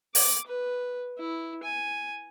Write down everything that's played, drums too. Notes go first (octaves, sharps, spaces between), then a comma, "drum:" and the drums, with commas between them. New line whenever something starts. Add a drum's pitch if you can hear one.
D6, drum: open hi-hat
B4
E4
G#5